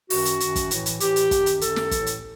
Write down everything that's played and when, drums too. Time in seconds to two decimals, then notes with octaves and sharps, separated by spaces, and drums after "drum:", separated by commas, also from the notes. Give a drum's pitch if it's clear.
0.10 F#2 D#3 F#4, drum: open hi-hat
0.25 drum: hi-hat
0.40 F#2 D#3, drum: hi-hat
0.56 drum: kick, hi-hat
0.71 A2 E3, drum: hi-hat
0.86 drum: hi-hat
1.00 A2 E3 G4, drum: hi-hat
1.16 drum: hi-hat
1.31 F#2 D#3, drum: kick, hi-hat
1.46 drum: hi-hat
1.61 F#2 D#3 A4, drum: hi-hat
1.76 drum: snare
1.91 A2 E3, drum: kick, hi-hat
2.06 drum: hi-hat